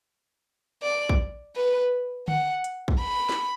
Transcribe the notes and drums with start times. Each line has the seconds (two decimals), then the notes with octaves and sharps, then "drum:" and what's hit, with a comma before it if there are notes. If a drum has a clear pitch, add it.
0.83 D5
1.09 drum: kick A#1
1.56 B4
2.28 F#5, drum: tom D3
2.64 drum: hi-hat
2.88 drum: kick A#1
3.00 B5
3.29 drum: snare